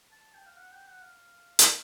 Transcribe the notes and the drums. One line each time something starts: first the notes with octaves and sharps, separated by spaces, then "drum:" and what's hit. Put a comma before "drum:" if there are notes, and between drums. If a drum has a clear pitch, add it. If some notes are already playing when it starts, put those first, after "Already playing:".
A5
G5
F5
F#5
G5
F#5
F5
drum: hi-hat